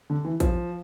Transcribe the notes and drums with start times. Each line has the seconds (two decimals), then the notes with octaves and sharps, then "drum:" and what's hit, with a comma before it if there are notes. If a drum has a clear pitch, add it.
0.10 D3
0.25 E3
0.40 F3, drum: kick, hi-hat